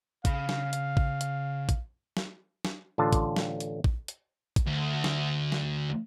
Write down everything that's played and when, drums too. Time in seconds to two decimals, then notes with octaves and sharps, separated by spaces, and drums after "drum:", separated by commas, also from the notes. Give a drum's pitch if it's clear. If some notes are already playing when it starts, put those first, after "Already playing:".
0.25 C#3 F5 B5, drum: kick, hi-hat
0.49 drum: snare
0.73 drum: hi-hat
0.97 drum: kick
1.21 drum: hi-hat
1.69 drum: kick, hi-hat
2.17 drum: snare
2.65 drum: snare
2.98 A1 D3 F4 A5
3.13 drum: kick, hi-hat
3.36 drum: snare
3.60 drum: hi-hat
3.84 drum: kick
4.08 drum: hi-hat
4.56 drum: kick, hi-hat
4.66 D2
5.04 drum: snare
5.52 drum: snare